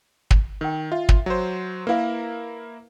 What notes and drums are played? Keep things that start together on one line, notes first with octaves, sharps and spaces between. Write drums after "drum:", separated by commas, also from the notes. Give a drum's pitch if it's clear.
drum: kick
D#3 A#4 G5
F4 E5
drum: kick
F#3 C5
A#3 E4 A#4 B4 F5